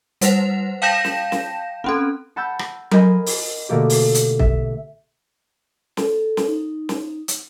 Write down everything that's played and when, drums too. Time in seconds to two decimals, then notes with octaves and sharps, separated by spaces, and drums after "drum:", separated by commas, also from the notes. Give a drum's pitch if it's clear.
0.21 G3 B4 C5 F#5, drum: hi-hat
0.82 F5 G5 A5 G6 A#6 E7
1.04 drum: snare
1.32 drum: snare
1.84 C4 C#4 A4
2.36 F#5 A5 B5 E6 G6
2.59 drum: rim click
2.91 A#4 C5 D#5 G#5 B5, drum: tom F#3
3.26 drum: open hi-hat
3.69 B2 D3 A3 A#3 G4
3.90 drum: open hi-hat
4.15 drum: hi-hat
4.39 E5, drum: kick
5.97 A4, drum: snare
6.37 drum: snare
6.47 D#4
6.89 drum: snare
7.28 drum: hi-hat